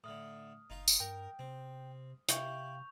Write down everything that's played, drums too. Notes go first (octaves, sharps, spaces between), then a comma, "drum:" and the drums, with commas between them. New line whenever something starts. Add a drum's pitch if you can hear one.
A2 D3 D#6 F6
F#1 D#4 F4 F5
drum: tambourine
G2 A#4 G5
C3 C4
C3 E4 G4 F5 G5 C#6 G6 F7, drum: hi-hat